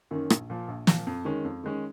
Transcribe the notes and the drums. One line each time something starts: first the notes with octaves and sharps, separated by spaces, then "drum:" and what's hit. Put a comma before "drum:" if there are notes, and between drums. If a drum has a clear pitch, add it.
F#2 D#3 A#3 C#4
A#1, drum: rim click
A#2 F3
A#1
A#2 F3, drum: snare
F2
D#3 G#3 C#4
F2
D#3 G#3 C#4